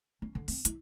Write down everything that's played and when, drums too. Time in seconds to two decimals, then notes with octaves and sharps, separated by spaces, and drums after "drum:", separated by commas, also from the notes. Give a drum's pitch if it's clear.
0.22 C#4
0.35 D3
0.48 C4, drum: open hi-hat
0.65 E4, drum: hi-hat